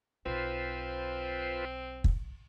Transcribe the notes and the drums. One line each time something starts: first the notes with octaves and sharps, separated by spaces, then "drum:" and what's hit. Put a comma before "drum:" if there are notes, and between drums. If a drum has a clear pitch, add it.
B1 C4 F4 B4 C5
drum: kick